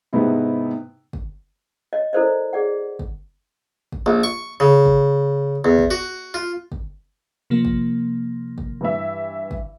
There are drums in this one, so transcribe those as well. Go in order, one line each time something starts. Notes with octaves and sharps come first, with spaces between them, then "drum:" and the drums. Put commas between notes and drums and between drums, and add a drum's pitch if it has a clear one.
G#2 C3 B3 D#4 E4
drum: kick
D#5
E4 A4 A#4 C5 D5 D#5
G#4 D5 F#5
drum: kick
drum: kick
A#1
C#6
C#3
drum: kick
E2
drum: kick
F#4
F4
drum: kick
C3 F3 A#3
drum: kick
drum: kick
G2 E3 E5
drum: kick